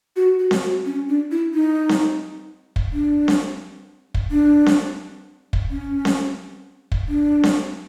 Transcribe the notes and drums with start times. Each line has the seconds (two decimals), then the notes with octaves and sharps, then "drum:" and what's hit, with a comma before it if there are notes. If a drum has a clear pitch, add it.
0.16 F#4
0.39 F#4
0.51 drum: snare C4
0.63 F#4
0.86 C#4
1.09 D4
1.31 E4
1.54 D#4
1.89 drum: snare C4
2.76 drum: kick
2.93 D4
3.28 drum: snare C4
4.14 drum: kick
4.31 D4
4.66 drum: snare C4
5.53 drum: kick
5.71 C#4
6.05 drum: snare C4
6.92 drum: kick
7.08 D4
7.43 drum: snare C4